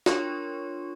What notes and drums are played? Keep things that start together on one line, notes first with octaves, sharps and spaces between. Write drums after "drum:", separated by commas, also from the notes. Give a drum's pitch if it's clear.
D4 F4 A#4 C#5 C6 C#6, drum: snare